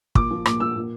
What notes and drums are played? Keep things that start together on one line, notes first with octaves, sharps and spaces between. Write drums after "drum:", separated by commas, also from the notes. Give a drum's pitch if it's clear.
A#2 D6, drum: kick
F3
A#2 D6, drum: rim click
F3 E6
A#2